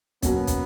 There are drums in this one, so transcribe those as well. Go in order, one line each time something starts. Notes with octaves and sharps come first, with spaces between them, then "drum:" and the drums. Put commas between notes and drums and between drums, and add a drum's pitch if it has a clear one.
B2 F#3 A#3 B3 C#4, drum: kick, hi-hat
drum: kick, hi-hat